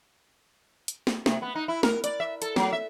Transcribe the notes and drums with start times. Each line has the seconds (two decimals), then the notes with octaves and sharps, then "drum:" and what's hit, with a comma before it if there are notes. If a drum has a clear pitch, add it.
0.88 drum: hi-hat
1.07 drum: snare
1.26 C3, drum: snare
1.42 B3
1.55 D#4
1.68 E4
1.83 A#4, drum: snare
2.04 D5, drum: hi-hat
2.20 E5
2.42 A4, drum: hi-hat
2.56 F#3, drum: snare
2.73 E5